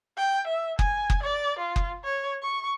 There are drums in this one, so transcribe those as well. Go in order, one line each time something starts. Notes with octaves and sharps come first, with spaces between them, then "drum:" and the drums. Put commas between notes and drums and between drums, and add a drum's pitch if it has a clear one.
G5
E5
G#5, drum: kick F#1
drum: kick F#1
D5
F4
drum: kick F#1
C#5
C#6